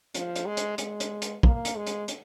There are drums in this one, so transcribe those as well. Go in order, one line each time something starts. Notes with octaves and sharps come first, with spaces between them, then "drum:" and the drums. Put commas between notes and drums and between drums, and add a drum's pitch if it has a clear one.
F3, drum: hi-hat
drum: hi-hat
G#3
drum: hi-hat
G#3, drum: hi-hat
drum: hi-hat
drum: hi-hat
A#3, drum: kick
drum: hi-hat
G#3
drum: hi-hat
drum: hi-hat